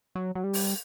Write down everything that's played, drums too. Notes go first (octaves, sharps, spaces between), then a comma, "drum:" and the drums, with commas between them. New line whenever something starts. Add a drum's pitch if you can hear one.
F#3
F#3
G3
drum: open hi-hat